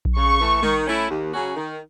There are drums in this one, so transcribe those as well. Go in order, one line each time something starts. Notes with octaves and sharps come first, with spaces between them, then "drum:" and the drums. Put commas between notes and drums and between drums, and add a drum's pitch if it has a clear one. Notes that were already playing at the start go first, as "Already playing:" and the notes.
drum: kick A#1
C#3 C#6
E3 A3
D#3, drum: tom G3
A3 C#4 E4
D#2
C#3 F#3 C#4 F#4
D#3